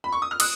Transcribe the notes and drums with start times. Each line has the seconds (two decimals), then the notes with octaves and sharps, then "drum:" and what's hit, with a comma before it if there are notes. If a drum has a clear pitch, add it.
0.04 B5
0.12 C#6
0.22 D#6
0.31 F6
0.40 D#6 F#6, drum: cymbal